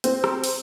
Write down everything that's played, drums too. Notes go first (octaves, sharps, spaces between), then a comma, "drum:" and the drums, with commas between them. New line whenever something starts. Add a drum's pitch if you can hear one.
C4, drum: hi-hat
drum: rim click
drum: open hi-hat